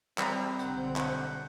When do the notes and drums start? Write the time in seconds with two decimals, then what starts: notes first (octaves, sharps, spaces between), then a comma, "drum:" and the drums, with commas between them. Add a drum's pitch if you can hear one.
0.18 G3 C4 A#5, drum: clap
0.59 B1 D3 F#5 G6, drum: hi-hat
0.96 drum: clap